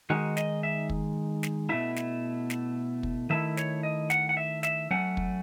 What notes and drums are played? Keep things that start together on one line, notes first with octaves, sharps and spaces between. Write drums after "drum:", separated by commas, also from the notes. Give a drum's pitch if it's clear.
D#3 G#3 D#4 F#4
D#5, drum: snare
E5
drum: kick
drum: snare
B2 A3 E4 E5
drum: snare
drum: snare
drum: kick
D#3 A3 E4 E5
C#5, drum: snare
D#5
F#5, drum: snare
F#5
E5
E5, drum: snare
F#3 A3 C#4 F#5
drum: kick